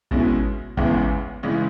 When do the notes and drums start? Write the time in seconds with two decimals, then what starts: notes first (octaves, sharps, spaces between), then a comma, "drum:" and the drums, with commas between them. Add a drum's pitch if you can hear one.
0.11 B2 G#3 C#4 E4, drum: kick G#1
0.77 E2 C#3 E3 G#3 C#4, drum: kick G#1
1.43 C#3 E3 G#3 C#4